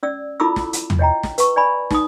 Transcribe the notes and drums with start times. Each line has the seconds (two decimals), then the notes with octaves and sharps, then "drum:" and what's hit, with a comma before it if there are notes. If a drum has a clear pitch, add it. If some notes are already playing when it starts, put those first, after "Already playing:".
0.03 C#4 D5 E6
0.40 E4 F4 A4 B5 D6 E6
0.56 drum: snare
0.73 drum: hi-hat
0.90 drum: tom
0.99 C#5 D#5 G5 A#5
1.23 drum: snare
1.38 B4 C#6, drum: hi-hat
1.56 D5 G#5 B5
1.91 D#4 D#6, drum: snare